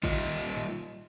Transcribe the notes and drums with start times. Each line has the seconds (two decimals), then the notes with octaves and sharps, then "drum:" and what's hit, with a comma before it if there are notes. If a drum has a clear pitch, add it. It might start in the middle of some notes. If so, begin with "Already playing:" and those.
0.03 G3 D#4 F4 D#5, drum: kick A1
0.57 drum: tom A2